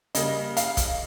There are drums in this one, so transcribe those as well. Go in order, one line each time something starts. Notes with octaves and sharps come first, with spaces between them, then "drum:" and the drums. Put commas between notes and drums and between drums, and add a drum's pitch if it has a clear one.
C#3 G3 A#3 D#5, drum: hi-hat
F5, drum: hi-hat
drum: kick, hi-hat